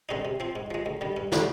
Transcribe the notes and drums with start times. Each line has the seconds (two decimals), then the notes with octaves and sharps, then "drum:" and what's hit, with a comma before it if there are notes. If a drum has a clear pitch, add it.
0.09 D3 G#3 C4 D#4
0.25 C3
0.40 F3 C4
0.56 G#2
0.71 F3 G#3
0.86 D2
1.01 D3 G3
1.17 G2
1.32 D3 G3, drum: snare